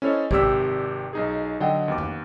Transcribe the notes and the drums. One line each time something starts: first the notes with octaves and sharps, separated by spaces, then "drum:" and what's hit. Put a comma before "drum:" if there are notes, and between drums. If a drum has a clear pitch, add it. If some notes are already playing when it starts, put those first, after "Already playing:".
C#4 E4 A4 C5 C#5 D#5
G#1 C3 G4 D5 E6 B6, drum: kick
B1 D#4 G#4
D3 F#3 D#5 F#5 G5
D#2 B3 D6
drum: tom F2